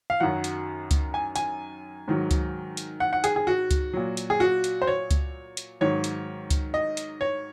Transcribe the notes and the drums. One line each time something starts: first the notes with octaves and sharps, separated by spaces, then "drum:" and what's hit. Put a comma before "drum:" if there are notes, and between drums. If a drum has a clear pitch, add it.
F5
F#2 D#3 F#3 F#5
drum: hi-hat
drum: kick C#2, hi-hat
G#5
G#5, drum: hi-hat
G#2 D#3 F#3
drum: kick C#2, hi-hat
drum: hi-hat
F#5
F#5
G#4, drum: hi-hat
G#4
F#4
drum: kick C#2, hi-hat
A#2 F#3
drum: hi-hat
G#4
F#4
drum: hi-hat
C5
C#5
drum: kick C#2, hi-hat
drum: hi-hat
G#2 D#3 F#3 C#5
drum: hi-hat
drum: kick C#2, hi-hat
D#5
drum: hi-hat
C#5